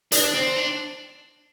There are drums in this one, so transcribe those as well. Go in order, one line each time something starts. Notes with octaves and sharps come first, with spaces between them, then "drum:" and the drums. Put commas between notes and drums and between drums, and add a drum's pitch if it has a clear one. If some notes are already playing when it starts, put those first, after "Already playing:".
D4, drum: hi-hat
C4
D4